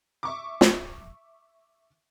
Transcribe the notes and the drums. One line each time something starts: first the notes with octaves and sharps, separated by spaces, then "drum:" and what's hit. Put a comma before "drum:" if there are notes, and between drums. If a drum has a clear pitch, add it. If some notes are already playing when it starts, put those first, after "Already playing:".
E5 C#6 D6
drum: snare